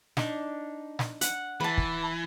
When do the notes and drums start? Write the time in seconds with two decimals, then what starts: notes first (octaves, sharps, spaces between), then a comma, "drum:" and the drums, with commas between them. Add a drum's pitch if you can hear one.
0.17 D4 D#4, drum: snare
0.99 drum: snare
1.21 F#5, drum: hi-hat
1.60 E3 B4 A5
1.77 drum: kick